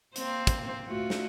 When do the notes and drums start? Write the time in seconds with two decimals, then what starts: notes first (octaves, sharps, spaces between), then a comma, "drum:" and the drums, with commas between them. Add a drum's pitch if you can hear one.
0.16 A#3 C4 C5, drum: hi-hat
0.47 drum: kick, hi-hat
0.87 A3 F4 F#4
1.10 drum: snare